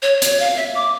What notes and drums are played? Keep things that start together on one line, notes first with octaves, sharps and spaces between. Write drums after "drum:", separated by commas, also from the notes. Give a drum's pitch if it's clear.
C#5
C#5, drum: hi-hat
F5
E5
D6